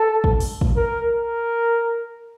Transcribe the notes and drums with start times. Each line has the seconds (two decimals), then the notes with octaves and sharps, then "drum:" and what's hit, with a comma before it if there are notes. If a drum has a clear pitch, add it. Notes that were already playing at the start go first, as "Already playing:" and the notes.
Already playing: A4
0.24 drum: kick
0.40 drum: open hi-hat
0.61 drum: kick
0.76 A#4
1.13 A#4